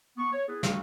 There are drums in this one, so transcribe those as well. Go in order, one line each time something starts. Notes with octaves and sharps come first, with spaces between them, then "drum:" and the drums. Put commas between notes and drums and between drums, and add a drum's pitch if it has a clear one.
B3 C#6
C#5
B3 E4 G#4 A4 B4
G3 A3 C4 D4 F#4 F5, drum: snare